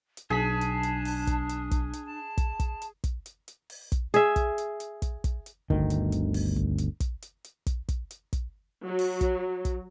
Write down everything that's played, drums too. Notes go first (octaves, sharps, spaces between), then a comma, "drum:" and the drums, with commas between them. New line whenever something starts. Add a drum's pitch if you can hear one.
drum: hi-hat
B1 D4 G#4 A5 B6
drum: hi-hat
drum: hi-hat
drum: open hi-hat
drum: kick, hi-hat
drum: hi-hat
drum: kick, hi-hat
drum: hi-hat
A5
drum: kick, hi-hat
drum: kick, hi-hat
drum: hi-hat
drum: kick, hi-hat
drum: hi-hat
drum: hi-hat
drum: open hi-hat
drum: kick, hi-hat
G#4 E5, drum: hi-hat
drum: kick, hi-hat
drum: hi-hat
drum: hi-hat
drum: kick, hi-hat
drum: kick, hi-hat
drum: hi-hat
G1 D2 D#3, drum: kick
drum: hi-hat
drum: hi-hat
drum: open hi-hat
drum: kick
drum: hi-hat
drum: kick, hi-hat
drum: hi-hat
drum: hi-hat
drum: kick, hi-hat
drum: kick, hi-hat
drum: hi-hat
drum: kick, hi-hat
F#3
drum: open hi-hat
drum: kick, hi-hat
drum: kick, hi-hat